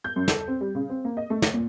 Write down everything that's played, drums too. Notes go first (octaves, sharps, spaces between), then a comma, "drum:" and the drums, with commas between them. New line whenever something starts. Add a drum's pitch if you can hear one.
G6
F#2
A4, drum: snare
C4
G3
C#3
C4
A#3
D#5
A3
drum: snare
A#2